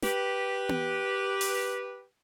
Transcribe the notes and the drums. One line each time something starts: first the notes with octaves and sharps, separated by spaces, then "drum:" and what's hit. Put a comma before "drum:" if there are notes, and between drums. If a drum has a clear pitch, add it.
G4 B4, drum: snare
drum: tom B3
drum: open hi-hat